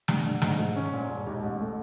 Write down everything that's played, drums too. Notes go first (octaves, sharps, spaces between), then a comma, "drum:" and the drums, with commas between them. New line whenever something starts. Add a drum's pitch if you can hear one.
G2, drum: snare
D3
G#2, drum: snare
G#2
C#4
A#2
E1
D#2
A1
A3